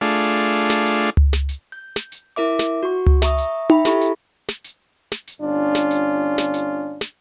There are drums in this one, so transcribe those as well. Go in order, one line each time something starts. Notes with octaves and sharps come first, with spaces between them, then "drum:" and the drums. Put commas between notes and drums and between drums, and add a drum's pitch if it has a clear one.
A3 D4 F4 G#4
drum: snare
drum: hi-hat
drum: tom C#2
drum: snare
drum: hi-hat
G6
drum: snare
drum: hi-hat
E4 A#4 E5 D6
drum: snare
F#4 C#6
drum: tom C#2
E5 A#5 C#6 D#6, drum: snare
drum: hi-hat
E5 G5 B5, drum: tom D#4
E4 G4 A4 A#5 B5 C#6, drum: snare
drum: hi-hat
drum: snare
drum: hi-hat
drum: snare
drum: hi-hat
G1 C#4 D4 F4
drum: snare
drum: hi-hat
drum: snare
drum: hi-hat
drum: snare